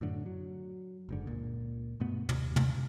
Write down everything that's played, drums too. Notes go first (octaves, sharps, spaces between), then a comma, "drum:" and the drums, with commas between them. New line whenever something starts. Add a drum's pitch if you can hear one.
F#2 A2 D3
F#3
F#1 G#2 D3
C#2 A#2
G2 B2 A3 B3
D#2 C3, drum: tom
drum: tom